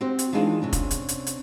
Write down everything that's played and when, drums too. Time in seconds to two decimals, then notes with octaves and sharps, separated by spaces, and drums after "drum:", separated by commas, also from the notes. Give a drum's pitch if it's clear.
0.01 C4 F#4 G4 C5
0.19 drum: hi-hat
0.33 D#3 E3 G#3 D4 F4 G#4
0.62 C3 C#4 D4
0.73 drum: kick F1, hi-hat
0.91 drum: hi-hat
1.09 drum: hi-hat
1.27 drum: hi-hat